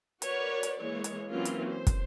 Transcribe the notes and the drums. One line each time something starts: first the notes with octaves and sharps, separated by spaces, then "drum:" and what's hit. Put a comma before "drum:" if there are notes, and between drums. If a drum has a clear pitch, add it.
F#4 A#4 B4 C#5 D5, drum: hi-hat
drum: hi-hat
E3 G#3 A#3 C#5
drum: hi-hat
E3 F#3 A#3 C4 C#4 F4
drum: hi-hat
C5
drum: kick, hi-hat